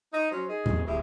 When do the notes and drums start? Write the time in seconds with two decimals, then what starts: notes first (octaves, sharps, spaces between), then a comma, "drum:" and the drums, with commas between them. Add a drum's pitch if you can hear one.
0.12 D#4
0.31 F#3 C#4 C5
0.48 D#4 G#4
0.66 E2 D#3 E3, drum: tom A2
0.87 D1 E4 G4 G#4